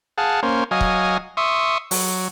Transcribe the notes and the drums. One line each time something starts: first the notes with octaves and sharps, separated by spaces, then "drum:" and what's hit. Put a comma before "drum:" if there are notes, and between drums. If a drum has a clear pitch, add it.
G#4 F5 F#5 A5
A#3 C#4 C5
F#3 D#5 F5 G#5
drum: kick
E5 C6 C#6 D#6
F#3, drum: open hi-hat